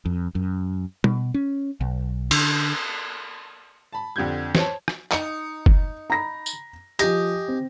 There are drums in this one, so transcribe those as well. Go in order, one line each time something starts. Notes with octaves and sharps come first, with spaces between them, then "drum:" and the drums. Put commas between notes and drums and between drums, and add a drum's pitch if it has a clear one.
F2
F#2
B2, drum: tom
C#4
B1
D3, drum: cymbal
A5 B5
F2 D3 G4 G6 G#6
C5 C#5 A5, drum: snare
drum: rim click
D#4 C#7, drum: clap
drum: kick F#1
A#5 B5 A#6
drum: tambourine
F3 G4 D#5 G#5 A#6, drum: hi-hat
C4